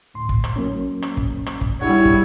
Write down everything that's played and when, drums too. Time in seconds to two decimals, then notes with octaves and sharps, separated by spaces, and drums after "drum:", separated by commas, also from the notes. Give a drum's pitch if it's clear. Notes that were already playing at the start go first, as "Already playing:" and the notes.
0.14 D2 A2 C6
0.29 drum: kick
0.44 drum: rim click
0.56 F#3 A#3 C#4
1.02 drum: rim click
1.17 drum: kick
1.46 drum: rim click
1.61 drum: kick
1.81 G3 D4 E4 G#4 C#5 F#5
2.05 drum: kick